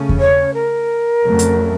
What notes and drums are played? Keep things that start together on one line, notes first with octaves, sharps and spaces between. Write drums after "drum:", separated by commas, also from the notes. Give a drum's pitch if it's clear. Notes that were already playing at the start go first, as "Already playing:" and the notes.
Already playing: C#3 A3 C#4
drum: kick E2
C#5
A#4
F2 C#3 F#3 A3
drum: hi-hat